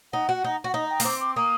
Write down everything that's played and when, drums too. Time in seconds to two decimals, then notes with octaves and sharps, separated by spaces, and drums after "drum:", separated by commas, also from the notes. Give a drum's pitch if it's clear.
0.13 D#4 F#5
0.29 F#4
0.44 D#4
0.64 F#4
0.69 F#5
0.74 D#4 D#5
0.90 G5
1.00 A#3, drum: open hi-hat
1.05 C4 D6
1.21 D6
1.36 A#3 D#6